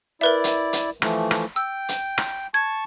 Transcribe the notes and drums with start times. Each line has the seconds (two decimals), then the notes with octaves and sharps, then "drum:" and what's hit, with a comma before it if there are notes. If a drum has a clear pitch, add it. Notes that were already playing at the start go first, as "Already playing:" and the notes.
0.21 E4 A#4 B4 D5 E5
0.44 drum: hi-hat
0.73 drum: hi-hat
1.02 E3 F3 A3, drum: rim click
1.31 drum: rim click
1.56 G5 E6
1.89 drum: hi-hat
2.18 drum: rim click
2.54 A5 C#6 G#6